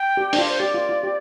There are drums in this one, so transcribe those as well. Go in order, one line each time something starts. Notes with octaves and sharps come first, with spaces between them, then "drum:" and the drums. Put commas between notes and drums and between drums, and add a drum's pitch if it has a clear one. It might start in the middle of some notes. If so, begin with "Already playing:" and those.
Already playing: G5
G4
D4, drum: open hi-hat
F4
C5
G4 D5
F4
F4
G4